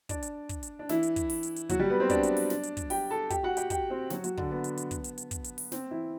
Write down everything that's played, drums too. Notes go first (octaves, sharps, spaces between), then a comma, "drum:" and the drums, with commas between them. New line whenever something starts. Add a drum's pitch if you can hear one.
D4 D5, drum: kick, hi-hat
drum: hi-hat
drum: kick, hi-hat
drum: hi-hat
D4
E3 E4, drum: snare
drum: hi-hat
drum: kick, hi-hat
drum: open hi-hat
drum: hi-hat
drum: hi-hat
F#3 F#4, drum: kick, hi-hat
G3 G4
B3 B4
C4 C5
D4 D5, drum: kick, hi-hat
drum: hi-hat
drum: open hi-hat
drum: snare
drum: hi-hat
drum: kick, hi-hat
G4 G5, drum: open hi-hat
A4 A5
G4 G5, drum: kick, hi-hat
F#4 F#5
G4 G5, drum: hi-hat
G4 G5, drum: kick, hi-hat
C4 C5
F#3 F#4, drum: snare
F#3 F#4, drum: hi-hat
D3 D4, drum: kick
B3
drum: hi-hat
drum: hi-hat
drum: kick, hi-hat
drum: hi-hat
drum: hi-hat
drum: kick, hi-hat
drum: hi-hat
drum: open hi-hat
C4, drum: snare
E3 E4